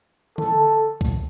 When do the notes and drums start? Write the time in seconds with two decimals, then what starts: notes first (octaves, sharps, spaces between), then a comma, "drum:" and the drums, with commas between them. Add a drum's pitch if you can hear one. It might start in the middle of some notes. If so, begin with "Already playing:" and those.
0.38 A4, drum: tom D3
1.01 drum: kick C2